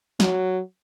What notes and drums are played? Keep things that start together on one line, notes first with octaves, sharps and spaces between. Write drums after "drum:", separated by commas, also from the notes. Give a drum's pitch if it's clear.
F#3, drum: snare